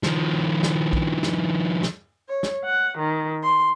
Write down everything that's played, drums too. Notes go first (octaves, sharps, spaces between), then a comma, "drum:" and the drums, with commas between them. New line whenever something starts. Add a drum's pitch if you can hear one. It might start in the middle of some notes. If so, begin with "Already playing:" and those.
D#3 F3, drum: snare
drum: snare
drum: kick
drum: snare
drum: snare
C#5
drum: snare
F#5
D#3
C6